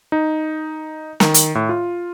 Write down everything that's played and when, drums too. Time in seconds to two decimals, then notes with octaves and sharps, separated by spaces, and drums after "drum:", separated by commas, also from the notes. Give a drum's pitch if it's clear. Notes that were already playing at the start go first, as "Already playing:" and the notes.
0.12 D#4
1.20 D#3, drum: snare
1.34 drum: hi-hat
1.55 A2
1.69 F4